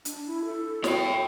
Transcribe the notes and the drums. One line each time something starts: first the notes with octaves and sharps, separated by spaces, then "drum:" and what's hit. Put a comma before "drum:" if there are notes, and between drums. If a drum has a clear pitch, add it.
D4, drum: hi-hat
E4
A4
F#4 C#5 G5, drum: snare
E4